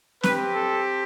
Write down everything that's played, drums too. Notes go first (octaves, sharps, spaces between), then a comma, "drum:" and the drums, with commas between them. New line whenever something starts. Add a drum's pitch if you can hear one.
C4 G4 B4, drum: snare C4
A4